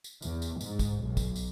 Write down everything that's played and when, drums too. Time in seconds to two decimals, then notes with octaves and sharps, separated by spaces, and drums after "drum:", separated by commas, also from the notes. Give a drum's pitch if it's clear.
0.04 drum: tambourine
0.22 E2, drum: tambourine
0.42 drum: tambourine
0.61 G#2, drum: tambourine
0.79 drum: kick, tambourine
1.04 B1
1.17 drum: kick, tambourine
1.36 drum: tambourine